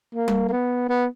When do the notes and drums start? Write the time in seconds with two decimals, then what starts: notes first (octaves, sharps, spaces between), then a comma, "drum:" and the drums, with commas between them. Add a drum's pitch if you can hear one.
0.15 A#3
0.28 drum: tom G3
0.48 A#3
0.52 B3
0.89 B3